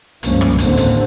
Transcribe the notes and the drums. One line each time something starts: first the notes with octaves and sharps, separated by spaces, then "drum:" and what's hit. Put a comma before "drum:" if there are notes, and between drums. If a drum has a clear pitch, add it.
C#2 G2 F3 A#3 C#4, drum: hi-hat
drum: rim click
A1 D#2 D3 A#3 C4, drum: hi-hat
drum: hi-hat